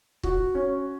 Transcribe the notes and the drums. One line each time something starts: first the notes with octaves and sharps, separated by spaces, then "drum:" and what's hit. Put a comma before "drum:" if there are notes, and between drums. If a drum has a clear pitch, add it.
F#4, drum: kick
C#4